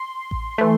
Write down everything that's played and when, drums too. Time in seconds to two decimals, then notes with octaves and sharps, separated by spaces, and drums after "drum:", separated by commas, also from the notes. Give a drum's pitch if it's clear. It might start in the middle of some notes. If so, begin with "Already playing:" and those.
Already playing: C6
0.31 drum: kick A1
0.58 E3 A3